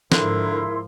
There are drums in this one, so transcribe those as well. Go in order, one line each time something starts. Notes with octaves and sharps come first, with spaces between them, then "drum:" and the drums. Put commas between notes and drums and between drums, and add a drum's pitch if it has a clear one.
G#2 D3 F3 E4 A#4 C6, drum: snare